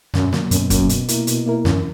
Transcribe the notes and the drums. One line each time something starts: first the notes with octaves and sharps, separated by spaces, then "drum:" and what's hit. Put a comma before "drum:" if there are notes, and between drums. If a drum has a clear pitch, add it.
F#2 B2, drum: snare
F#3 A#3, drum: snare
F#2 B2, drum: hi-hat
F#2 F#3 A#3, drum: kick F1, hi-hat
B2, drum: hi-hat
A#3 E4 A#4, drum: hi-hat
B2, drum: hi-hat
A#3 E4 A#4
F#2 E3, drum: snare